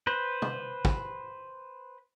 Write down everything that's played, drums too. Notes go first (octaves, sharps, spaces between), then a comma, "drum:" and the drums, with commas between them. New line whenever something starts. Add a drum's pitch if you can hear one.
B4 C5
drum: tom
drum: kick